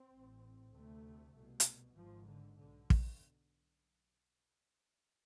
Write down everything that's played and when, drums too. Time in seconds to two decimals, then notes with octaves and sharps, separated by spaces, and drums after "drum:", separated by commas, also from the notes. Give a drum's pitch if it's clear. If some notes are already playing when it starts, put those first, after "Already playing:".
Already playing: C4
0.12 A1 A2
0.73 D2 C3 A3
1.35 C2 B2
1.60 drum: hi-hat
1.97 G#1 G#2 F3
2.28 D3
2.59 B1 D3
2.90 drum: kick